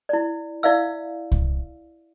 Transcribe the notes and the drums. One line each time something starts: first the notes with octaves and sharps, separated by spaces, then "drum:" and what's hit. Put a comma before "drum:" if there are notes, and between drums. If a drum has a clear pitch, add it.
E4 D5
E4 D5 E5 F5 E6
drum: kick C2